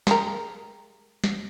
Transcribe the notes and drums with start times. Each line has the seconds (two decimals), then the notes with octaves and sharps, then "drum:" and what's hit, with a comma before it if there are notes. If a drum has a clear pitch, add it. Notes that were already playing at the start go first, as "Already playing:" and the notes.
0.07 G#3 G4 A#4, drum: snare
1.24 drum: snare